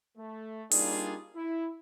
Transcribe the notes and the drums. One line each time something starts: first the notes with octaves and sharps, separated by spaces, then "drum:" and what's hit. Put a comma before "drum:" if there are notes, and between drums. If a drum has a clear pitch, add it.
A3
G3 A#3 D4 D#4 F4 G#4, drum: open hi-hat
E4